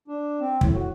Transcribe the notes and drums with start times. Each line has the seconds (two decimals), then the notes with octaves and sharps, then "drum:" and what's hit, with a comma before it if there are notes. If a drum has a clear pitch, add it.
0.08 D4
0.40 C4
0.61 A2, drum: kick
0.74 F#4